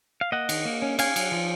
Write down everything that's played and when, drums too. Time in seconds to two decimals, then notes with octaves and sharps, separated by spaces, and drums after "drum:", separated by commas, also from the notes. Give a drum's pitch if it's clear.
0.21 F5
0.32 A#3 D#5 F#5
0.49 D#3, drum: cymbal
0.65 A#3
0.82 C#4
0.99 C#4 F5 G#5, drum: cymbal
1.16 F#3, drum: cymbal
1.32 F3